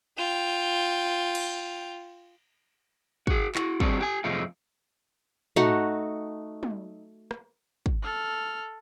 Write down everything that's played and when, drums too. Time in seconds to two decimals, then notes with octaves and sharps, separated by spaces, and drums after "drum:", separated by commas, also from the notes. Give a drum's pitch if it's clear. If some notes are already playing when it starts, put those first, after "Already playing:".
0.18 F4 G5
1.35 drum: cymbal
3.27 F#4 G#4, drum: kick
3.55 E4 F#4, drum: clap
3.80 G3 C4 D4 F#4 G#4, drum: kick
3.99 G4 G5 G#5
4.24 F2 C3 F3 G#3 A3 F4
5.56 A3 D#4 F#4, drum: tom
6.63 drum: tom
7.31 drum: rim click
7.86 drum: kick
8.03 A4 F6